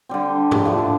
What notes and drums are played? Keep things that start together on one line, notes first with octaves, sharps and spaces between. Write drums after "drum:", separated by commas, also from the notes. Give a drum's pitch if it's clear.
D3 G3 C4
drum: tom G#2
A2 F3 A3 D4